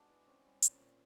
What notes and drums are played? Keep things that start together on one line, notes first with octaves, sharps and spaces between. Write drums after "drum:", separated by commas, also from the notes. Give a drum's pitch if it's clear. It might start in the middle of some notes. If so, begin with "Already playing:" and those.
Already playing: G#3 B3 D4 F#4 G#4
E3
C4 C#4
G3
A#2, drum: hi-hat
C#4
A#2